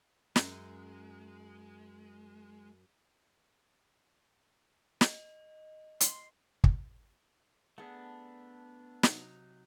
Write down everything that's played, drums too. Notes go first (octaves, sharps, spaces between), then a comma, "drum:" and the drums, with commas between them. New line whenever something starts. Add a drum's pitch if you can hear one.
F#2 G#3, drum: snare
D#5, drum: snare
C6, drum: hi-hat
drum: kick
A3 B3 D4 G#4 F#5
C3 F#3 D#4, drum: snare